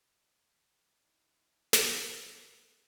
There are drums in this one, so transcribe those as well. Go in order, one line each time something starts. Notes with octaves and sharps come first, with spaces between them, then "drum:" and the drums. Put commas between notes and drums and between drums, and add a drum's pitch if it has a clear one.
D#4 E4
drum: snare